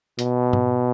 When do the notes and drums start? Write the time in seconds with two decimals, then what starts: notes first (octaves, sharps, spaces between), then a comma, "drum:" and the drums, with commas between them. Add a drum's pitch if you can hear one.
0.19 B2, drum: hi-hat
0.53 drum: tom G#2